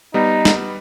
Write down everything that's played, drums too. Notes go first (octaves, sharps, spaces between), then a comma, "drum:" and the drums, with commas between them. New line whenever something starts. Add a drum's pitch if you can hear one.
G3 B3 D#4
drum: snare